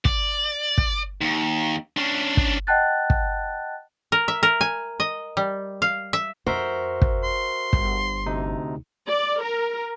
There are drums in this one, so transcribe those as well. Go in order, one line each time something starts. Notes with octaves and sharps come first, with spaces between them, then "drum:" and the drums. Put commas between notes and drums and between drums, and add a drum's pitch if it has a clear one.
D5, drum: kick
drum: kick
D#2
C#4 D4
drum: kick
D#5 F#5 G5 A5 F#6 A6
drum: kick
A#4
E5
A#4
G#5
D#5
G3
F5
E5
F2 D#4 F#4 A#4 C5 E5
drum: kick
C6
G1, drum: kick
D2 C3 D#4
D5
A#4